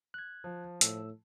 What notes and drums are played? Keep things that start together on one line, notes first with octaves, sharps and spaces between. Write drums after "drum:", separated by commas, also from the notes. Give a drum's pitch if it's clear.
F#6 G#6
F3
A2 E6, drum: hi-hat